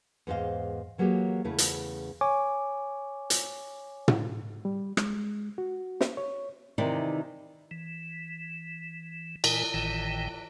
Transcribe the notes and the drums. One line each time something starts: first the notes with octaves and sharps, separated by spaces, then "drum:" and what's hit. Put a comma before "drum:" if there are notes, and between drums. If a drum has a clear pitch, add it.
E2 G#2 C5 D#5 F5
E3 F#3 A#3 G4 G#4 C#5
E2 C#3 A3 E4 B4
drum: hi-hat
C#5 G#5 C#6 D6
drum: hi-hat
drum: tom
G3
G#3, drum: rim click
F#4
drum: snare
C#5
C3 D#3 E3 D#4 D5
E3
A#2 E3 A#4 G#5, drum: cymbal
G#1 A2 D#3 E3 G5